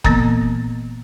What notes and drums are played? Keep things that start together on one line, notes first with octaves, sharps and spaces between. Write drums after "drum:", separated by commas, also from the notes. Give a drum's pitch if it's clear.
A#2 E3 A#3 B3, drum: kick F#1